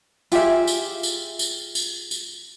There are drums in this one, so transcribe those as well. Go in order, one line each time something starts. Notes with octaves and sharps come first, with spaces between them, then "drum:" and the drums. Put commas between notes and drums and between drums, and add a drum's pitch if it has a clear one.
F4 G4 G#4 E5, drum: tambourine
drum: tambourine
drum: tambourine
drum: tambourine
drum: tambourine
drum: tambourine